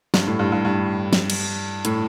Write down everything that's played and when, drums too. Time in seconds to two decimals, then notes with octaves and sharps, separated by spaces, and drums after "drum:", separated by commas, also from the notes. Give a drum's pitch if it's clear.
0.14 G2, drum: snare
0.27 A2
0.39 G2
0.52 G2
0.65 G2
1.13 drum: snare
1.30 drum: cymbal
1.85 A2, drum: hi-hat